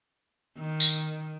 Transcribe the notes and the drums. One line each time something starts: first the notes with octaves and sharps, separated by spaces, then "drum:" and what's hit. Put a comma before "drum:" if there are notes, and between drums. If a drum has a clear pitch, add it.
D#3
drum: tambourine